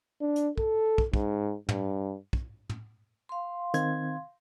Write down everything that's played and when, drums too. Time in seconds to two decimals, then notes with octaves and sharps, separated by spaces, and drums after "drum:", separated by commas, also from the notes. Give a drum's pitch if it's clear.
0.21 D4
0.36 drum: hi-hat
0.58 A4, drum: kick
0.98 drum: kick
1.14 G#2, drum: kick
1.69 G2, drum: tom
2.33 drum: kick
2.69 drum: tom
3.29 F5 C6
3.74 D#3 C4 G#6, drum: hi-hat